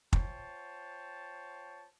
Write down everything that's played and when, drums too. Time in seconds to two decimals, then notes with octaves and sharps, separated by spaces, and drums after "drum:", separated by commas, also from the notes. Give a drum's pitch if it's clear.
0.13 F4 C5 C#5 G5 A5, drum: kick